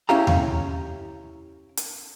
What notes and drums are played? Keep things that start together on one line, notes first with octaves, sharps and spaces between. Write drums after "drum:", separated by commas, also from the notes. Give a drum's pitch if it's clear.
C#4 E4 G4 F5 A#5
drum: tom D#2
drum: hi-hat